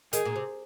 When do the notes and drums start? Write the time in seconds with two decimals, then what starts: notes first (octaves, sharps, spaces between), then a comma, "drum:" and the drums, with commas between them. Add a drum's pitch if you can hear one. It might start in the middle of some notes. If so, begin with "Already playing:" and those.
0.13 D#3 G#4, drum: hi-hat
0.25 A#2
0.36 C3